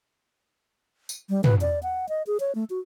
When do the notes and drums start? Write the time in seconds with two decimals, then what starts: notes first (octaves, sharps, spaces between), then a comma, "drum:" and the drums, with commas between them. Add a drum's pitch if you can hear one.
1.09 drum: tambourine
1.30 G3
1.44 B4, drum: tom
1.61 D5
1.83 F#5
2.09 D#5
2.27 G#4
2.40 C#5
2.55 A3
2.70 F#4